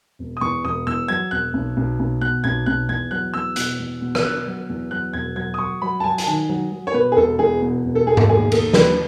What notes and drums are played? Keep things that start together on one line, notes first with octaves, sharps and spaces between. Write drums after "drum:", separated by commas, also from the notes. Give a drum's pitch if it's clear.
E1
D#6
E2 C#6
E1 D#6
E2 E6
F#3 G#6
E1 F#6
B1
B1
B1
B2 F#6
B1 G#6
B1 F#6
E2 G#6
F#3 F#6
E2 E6
B2 F#6, drum: hi-hat
E2
B2
E6, drum: rim click
B2 F#6
F#3
E2
F#3 F#6
E1 G#6
F#3 G#6
D#6
F#3 C#6
F#3 B5
A5
F#3 G#5
A5, drum: hi-hat
D#3 G#5
F#3
F#3
C#5
B2 B4
G#4
E1 A4
E2 G#4
B2
E1
A4
B2 G#4
A4, drum: tom G#2
D#2 G#4
D#2 A4, drum: cymbal
D#2 B4, drum: snare